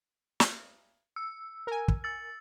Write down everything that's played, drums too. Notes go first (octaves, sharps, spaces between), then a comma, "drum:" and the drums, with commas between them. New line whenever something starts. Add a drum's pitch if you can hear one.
drum: snare
E6
A#4 G#5
drum: kick
E6 A6